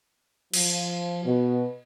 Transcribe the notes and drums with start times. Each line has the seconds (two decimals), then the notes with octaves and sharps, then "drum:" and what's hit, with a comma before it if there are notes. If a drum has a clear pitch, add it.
0.54 F3, drum: cymbal
1.25 B2